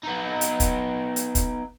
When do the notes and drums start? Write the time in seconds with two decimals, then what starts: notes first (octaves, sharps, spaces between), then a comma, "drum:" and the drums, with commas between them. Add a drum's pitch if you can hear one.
0.04 B3 D#4
0.41 drum: hi-hat
0.60 drum: kick, hi-hat
1.16 drum: hi-hat
1.35 drum: kick, hi-hat